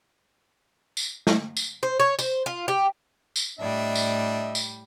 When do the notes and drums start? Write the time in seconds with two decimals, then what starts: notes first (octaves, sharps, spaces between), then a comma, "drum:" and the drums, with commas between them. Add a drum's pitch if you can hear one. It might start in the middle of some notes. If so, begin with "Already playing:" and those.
0.97 drum: tambourine
1.27 drum: snare
1.57 drum: tambourine
1.83 C5
2.00 C#5
2.19 C5, drum: tambourine
2.46 F4
2.68 G4
3.36 drum: tambourine
3.59 A2 G3 D4 D#5 E5
3.95 drum: tambourine
4.55 drum: tambourine